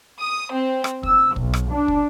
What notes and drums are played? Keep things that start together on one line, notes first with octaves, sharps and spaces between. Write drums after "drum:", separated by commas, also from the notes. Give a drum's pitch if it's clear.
D#6
C4
drum: rim click
E6, drum: kick
B1, drum: kick
drum: rim click
D4
drum: kick